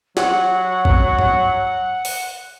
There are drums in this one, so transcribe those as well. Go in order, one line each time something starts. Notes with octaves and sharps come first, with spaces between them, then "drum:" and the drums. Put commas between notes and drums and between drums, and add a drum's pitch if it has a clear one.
F#3 F#5, drum: snare
drum: kick G#1
drum: tom G2
drum: open hi-hat